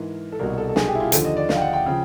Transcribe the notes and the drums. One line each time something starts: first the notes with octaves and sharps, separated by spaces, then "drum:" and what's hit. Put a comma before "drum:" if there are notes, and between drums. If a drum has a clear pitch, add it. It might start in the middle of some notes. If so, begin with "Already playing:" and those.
Already playing: G#2 E3 A#4
A4
C2 B2 A#4
A4
A4
G#4, drum: snare
G4
E4
F4
D#2 D3 F3 A4, drum: hi-hat
D#5
D5
F5, drum: snare
G5
F#5
G5
C#3 F3